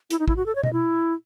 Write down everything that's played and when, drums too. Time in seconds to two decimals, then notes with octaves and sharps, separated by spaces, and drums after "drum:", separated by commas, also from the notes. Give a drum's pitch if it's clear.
0.10 E4, drum: hi-hat
0.19 D#4
0.28 E4, drum: kick
0.36 F#4
0.46 A4
0.55 C#5
0.63 D#5, drum: tom B2
0.73 E4